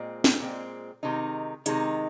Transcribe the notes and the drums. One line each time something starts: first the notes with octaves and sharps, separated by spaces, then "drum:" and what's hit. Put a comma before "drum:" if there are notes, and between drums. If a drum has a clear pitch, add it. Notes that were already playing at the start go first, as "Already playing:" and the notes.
Already playing: A#2 G#3 C4
drum: snare
A#2 G#3 C4
C3 D#3 G#3 D#4
C3 D#3 G#3 D#4, drum: hi-hat